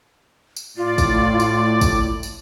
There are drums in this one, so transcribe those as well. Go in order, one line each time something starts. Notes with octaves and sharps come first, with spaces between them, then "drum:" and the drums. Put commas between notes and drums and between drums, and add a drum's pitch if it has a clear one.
drum: tambourine
A2 F4 D5
drum: kick, tambourine
drum: tambourine
drum: kick, tambourine
drum: tambourine